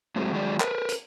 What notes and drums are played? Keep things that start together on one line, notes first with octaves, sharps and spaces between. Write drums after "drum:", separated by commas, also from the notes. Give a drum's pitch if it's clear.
F#2 A2 F#3 G#3 C4
D#3 F#3 G#3 G#4 D5
A#4 B4, drum: clap
drum: hi-hat